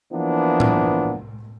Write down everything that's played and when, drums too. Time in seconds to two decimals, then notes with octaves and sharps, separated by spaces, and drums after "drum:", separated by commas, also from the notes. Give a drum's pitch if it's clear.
0.12 E3 F3 A#3 B3 D4
0.60 drum: tom A2